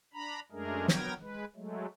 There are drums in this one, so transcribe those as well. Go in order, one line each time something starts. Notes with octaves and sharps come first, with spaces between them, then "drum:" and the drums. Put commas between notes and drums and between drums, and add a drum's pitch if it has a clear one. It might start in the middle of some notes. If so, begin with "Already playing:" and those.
D4 A#5 B5
F#2 G#3 A3 D4 G#4 A#4
F#3 B3 A#4 G5 G#6 A#6, drum: snare
G#3 B4
F#3 G#3 A3